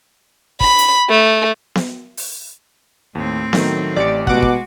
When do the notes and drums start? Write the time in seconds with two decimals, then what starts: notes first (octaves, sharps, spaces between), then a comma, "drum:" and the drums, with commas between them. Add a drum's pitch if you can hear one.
0.60 B5, drum: kick
0.79 drum: hi-hat
1.10 A3
1.75 drum: snare B3
2.17 drum: open hi-hat
3.15 D#2 A2 C4
3.53 D#3 F#3 A3, drum: snare B3
3.96 A1 G4 D5 C#7
4.27 B2 G#3 F#4 F#5 D6, drum: kick
4.42 drum: kick